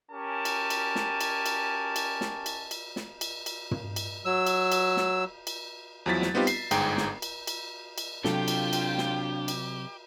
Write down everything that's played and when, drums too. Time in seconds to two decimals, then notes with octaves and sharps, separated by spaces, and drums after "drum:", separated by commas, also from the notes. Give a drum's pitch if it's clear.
0.12 C#4 G4 A#4 G#5 A5
0.45 drum: cymbal
0.70 drum: cymbal
0.95 drum: snare
1.21 drum: cymbal
1.46 drum: cymbal
1.96 drum: cymbal
2.21 drum: snare
2.46 drum: cymbal
2.71 drum: cymbal
2.96 drum: snare
3.21 drum: cymbal
3.46 drum: cymbal
3.71 drum: tom
3.96 drum: cymbal
4.25 F#3 E6
4.47 drum: cymbal
4.72 drum: cymbal
4.97 drum: snare
5.47 drum: cymbal
6.06 E2 F3 F#3 E4 A6 B6
6.22 drum: snare
6.34 G3 B3 C4 D#4 F4 G4
6.47 C7, drum: cymbal
6.71 G1 G#2 G#4 G5 A#5, drum: cymbal
6.97 drum: snare
7.22 drum: cymbal
7.47 drum: cymbal
7.98 drum: cymbal
8.25 C3 F#3 D4 F4 G4 A4 G5, drum: snare
8.48 drum: cymbal
8.73 drum: cymbal
8.98 drum: snare
9.48 drum: cymbal